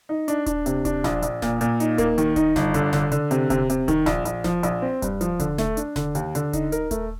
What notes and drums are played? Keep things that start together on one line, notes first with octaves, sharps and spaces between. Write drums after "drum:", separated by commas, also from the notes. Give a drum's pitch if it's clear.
D#4
D4, drum: hi-hat
D4, drum: kick D#1, hi-hat
C3, drum: hi-hat
D4, drum: kick D#1, hi-hat
A#1, drum: snare E1
A#1, drum: hi-hat
A#2, drum: snare E1
A#2, drum: hi-hat
D#4, drum: hi-hat
A#3, drum: kick D#1, hi-hat
D#3, drum: hi-hat
D#4, drum: kick D#1, hi-hat
G1, drum: snare E1
D3, drum: hi-hat
D3, drum: snare E1
D3, drum: hi-hat
C3, drum: hi-hat
C3, drum: kick D#1, hi-hat
C3, drum: hi-hat
D#3, drum: kick D#1, hi-hat
A#1, drum: snare E1
A#1, drum: hi-hat
F3, drum: snare E1
A#1, drum: hi-hat
C4
G2, drum: kick D#1, hi-hat
F3, drum: hi-hat
D3, drum: kick D#1, hi-hat
A3, drum: snare E1
D4, drum: hi-hat
D3, drum: snare E1
D#2, drum: hi-hat
D3, drum: hi-hat
D#4, drum: kick D#1, hi-hat
A#4, drum: hi-hat
A3, drum: kick D#1, hi-hat